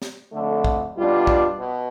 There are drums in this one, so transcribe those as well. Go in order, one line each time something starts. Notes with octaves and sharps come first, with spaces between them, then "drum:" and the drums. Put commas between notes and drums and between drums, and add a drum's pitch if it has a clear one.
drum: snare
F2 D3 A3
drum: kick
B2 G3 D4 F4
drum: kick
B2